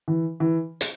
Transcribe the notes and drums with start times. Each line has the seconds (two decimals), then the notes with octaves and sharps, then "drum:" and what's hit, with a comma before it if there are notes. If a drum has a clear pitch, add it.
0.08 E3
0.40 E3
0.81 drum: hi-hat